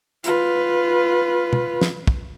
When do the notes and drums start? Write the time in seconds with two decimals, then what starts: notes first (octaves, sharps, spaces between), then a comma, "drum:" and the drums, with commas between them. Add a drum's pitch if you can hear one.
0.24 F4 B4, drum: hi-hat
1.53 drum: tom
1.81 drum: snare
2.07 drum: kick